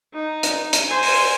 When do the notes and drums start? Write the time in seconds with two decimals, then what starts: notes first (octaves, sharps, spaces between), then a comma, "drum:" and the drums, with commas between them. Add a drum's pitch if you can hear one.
0.13 D#4
0.43 drum: hi-hat
0.73 drum: hi-hat
0.88 C5 G#5
1.03 drum: open hi-hat